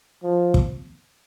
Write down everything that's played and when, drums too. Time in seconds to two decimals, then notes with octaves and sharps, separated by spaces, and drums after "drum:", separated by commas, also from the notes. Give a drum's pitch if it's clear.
0.23 F3
0.54 drum: kick